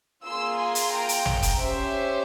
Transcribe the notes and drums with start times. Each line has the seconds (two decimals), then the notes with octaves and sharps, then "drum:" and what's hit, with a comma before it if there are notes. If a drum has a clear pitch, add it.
0.24 A#3 F4 G#4 C6 E6
0.58 G#5 C6
0.75 drum: hi-hat
0.91 G5 A#5
1.09 drum: hi-hat
1.26 drum: tom A1
1.42 drum: kick, hi-hat
1.59 C#4 G4 C5 E5